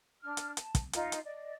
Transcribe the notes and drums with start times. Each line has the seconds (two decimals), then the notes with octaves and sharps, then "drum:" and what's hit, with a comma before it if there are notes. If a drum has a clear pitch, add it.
0.22 D4 F6
0.37 drum: hi-hat
0.57 A5, drum: hi-hat
0.75 drum: kick, hi-hat
0.93 D#4 F4, drum: hi-hat
1.12 drum: hi-hat
1.24 D5 D#5